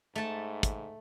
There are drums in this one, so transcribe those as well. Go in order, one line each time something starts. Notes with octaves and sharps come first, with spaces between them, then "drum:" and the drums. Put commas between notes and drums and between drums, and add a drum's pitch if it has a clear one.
G#2 A3 A5
drum: kick, hi-hat